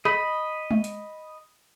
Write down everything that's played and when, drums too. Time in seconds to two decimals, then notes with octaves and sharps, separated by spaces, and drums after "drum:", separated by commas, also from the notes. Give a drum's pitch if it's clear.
0.05 D#5 B5, drum: rim click
0.71 drum: tom G#3
0.84 drum: hi-hat